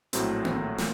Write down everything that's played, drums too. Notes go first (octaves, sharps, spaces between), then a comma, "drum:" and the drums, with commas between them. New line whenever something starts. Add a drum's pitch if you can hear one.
A#1 A2 F#3 A3 C4, drum: hi-hat
drum: tom A#3
A#2, drum: snare